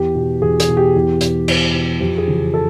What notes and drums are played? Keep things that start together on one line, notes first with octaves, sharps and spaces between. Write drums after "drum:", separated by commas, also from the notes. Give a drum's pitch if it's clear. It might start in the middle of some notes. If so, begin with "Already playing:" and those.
Already playing: E2 G4
B2
E2 G#4
G#4, drum: hi-hat
B2
G4
E2
B2, drum: hi-hat
E2, drum: cymbal
B2
F2 G4
G#4
C#3 E3
G4
A4